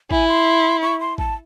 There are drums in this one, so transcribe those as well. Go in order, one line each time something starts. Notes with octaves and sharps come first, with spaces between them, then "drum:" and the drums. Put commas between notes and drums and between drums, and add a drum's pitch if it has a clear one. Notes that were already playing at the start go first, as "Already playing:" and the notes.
E4 G#5, drum: kick
C6
C#6
C6
A5, drum: kick